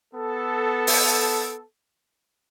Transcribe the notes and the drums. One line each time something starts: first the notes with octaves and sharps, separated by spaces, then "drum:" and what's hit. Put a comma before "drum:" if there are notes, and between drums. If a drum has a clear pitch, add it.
B3 A4
drum: open hi-hat